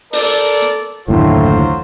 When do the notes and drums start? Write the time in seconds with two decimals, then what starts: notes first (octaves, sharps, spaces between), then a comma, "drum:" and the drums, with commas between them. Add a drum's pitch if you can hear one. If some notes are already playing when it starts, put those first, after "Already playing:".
0.13 A4 A#4 D5, drum: open hi-hat
0.62 drum: hi-hat
1.08 F#1 D#2 A2 D3 F#3 F4 C5